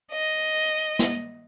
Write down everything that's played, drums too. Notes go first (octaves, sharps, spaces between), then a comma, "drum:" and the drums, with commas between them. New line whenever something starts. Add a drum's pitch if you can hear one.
D#5
drum: snare